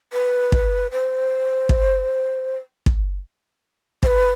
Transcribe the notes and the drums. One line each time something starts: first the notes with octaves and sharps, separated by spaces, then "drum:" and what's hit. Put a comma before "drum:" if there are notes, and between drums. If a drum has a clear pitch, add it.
B4
drum: kick
C5
drum: kick
drum: kick
C5, drum: kick
B4